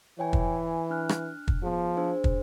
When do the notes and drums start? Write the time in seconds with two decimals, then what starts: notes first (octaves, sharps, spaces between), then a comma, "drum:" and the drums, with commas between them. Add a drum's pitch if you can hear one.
0.19 E3 C#5 G5 G#5
0.33 drum: kick
0.56 G#5
0.90 D4 F6 F#6
1.09 drum: rim click
1.48 drum: kick
1.63 F3 B3 G#4
1.97 D4 G#4 C5
2.24 drum: kick